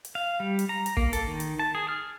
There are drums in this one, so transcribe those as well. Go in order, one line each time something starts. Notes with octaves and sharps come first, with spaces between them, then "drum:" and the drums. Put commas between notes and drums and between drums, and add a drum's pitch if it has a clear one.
drum: hi-hat
F5
G3
drum: hi-hat
A#5
drum: hi-hat
A#3, drum: kick
A4, drum: hi-hat
D#3
drum: hi-hat
A5
G#4
F6